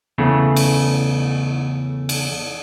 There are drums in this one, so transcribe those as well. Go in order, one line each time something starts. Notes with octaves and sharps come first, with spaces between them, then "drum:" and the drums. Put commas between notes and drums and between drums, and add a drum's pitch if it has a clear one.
E2 C#3 A3
drum: cymbal
drum: cymbal